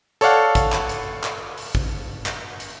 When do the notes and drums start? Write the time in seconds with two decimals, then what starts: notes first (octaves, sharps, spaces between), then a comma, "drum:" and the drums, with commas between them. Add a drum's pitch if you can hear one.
0.21 A4 C#5 D5 F5 F#5, drum: hi-hat
0.55 drum: kick, hi-hat
0.72 drum: clap
0.89 drum: hi-hat
1.23 drum: clap
1.58 drum: open hi-hat
1.75 drum: kick
2.26 drum: clap
2.60 drum: hi-hat